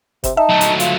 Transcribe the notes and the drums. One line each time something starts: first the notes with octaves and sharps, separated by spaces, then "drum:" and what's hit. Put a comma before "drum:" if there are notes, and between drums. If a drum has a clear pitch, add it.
C3, drum: kick F#1, hi-hat
D#4 E5 A5
F#3 A3
drum: hi-hat
F4, drum: hi-hat